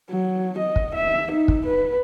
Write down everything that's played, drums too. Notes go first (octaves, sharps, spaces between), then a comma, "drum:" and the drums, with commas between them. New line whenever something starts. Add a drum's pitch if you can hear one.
F#3
D#5
drum: kick
E5
D#4
drum: kick
B4